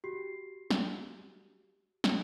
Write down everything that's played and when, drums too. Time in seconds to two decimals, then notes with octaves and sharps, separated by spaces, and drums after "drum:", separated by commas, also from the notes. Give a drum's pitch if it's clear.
0.04 F#4 G4 C7
0.71 drum: snare
2.04 drum: snare